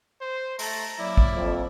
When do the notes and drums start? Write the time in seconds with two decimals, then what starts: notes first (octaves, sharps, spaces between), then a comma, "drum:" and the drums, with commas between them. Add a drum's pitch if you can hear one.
0.21 C5
0.59 A3 A5 A#5, drum: open hi-hat
0.99 F#3 A#3 E4 D5
1.17 drum: kick A1
1.34 F2